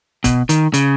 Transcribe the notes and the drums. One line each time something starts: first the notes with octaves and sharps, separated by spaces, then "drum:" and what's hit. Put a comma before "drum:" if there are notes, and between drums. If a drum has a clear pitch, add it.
B2, drum: kick, hi-hat
D#3, drum: hi-hat
C#3, drum: hi-hat